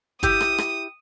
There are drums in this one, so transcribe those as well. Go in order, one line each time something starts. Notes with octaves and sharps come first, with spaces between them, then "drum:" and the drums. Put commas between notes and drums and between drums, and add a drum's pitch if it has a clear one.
E4 G4 D#6, drum: kick, hi-hat
drum: rim click
drum: rim click